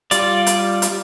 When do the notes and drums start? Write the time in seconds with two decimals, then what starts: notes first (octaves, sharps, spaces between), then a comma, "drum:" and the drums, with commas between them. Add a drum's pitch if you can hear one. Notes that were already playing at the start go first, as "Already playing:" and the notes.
0.11 G3 F4 D5, drum: hi-hat
0.47 drum: hi-hat
0.82 drum: hi-hat